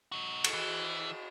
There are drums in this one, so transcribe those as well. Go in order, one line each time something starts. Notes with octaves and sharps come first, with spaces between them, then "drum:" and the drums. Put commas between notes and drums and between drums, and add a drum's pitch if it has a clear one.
D#4 F#4
drum: cymbal
E3